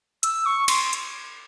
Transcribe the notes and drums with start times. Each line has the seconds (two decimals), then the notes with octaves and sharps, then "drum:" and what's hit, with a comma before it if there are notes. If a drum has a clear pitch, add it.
0.23 E6, drum: hi-hat
0.46 C#6
0.68 C6, drum: cymbal
0.93 drum: hi-hat